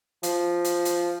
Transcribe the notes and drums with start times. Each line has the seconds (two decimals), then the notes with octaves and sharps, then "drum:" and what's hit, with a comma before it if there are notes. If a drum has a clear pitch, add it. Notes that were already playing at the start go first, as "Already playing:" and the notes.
0.23 F3, drum: hi-hat
0.65 drum: hi-hat
0.85 drum: hi-hat